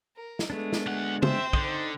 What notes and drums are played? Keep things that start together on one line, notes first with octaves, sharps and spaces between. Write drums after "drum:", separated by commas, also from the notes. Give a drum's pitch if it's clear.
A#4
drum: snare
G#3 A3 B3 D4
drum: snare
D2 F#5
C4 C5 E5 G5, drum: tom C#3
D3 D#4 D#5, drum: kick